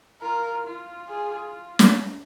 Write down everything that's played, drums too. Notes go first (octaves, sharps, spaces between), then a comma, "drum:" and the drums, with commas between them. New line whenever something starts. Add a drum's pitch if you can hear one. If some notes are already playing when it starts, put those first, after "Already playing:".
F4 A#4
F4
G#4
drum: snare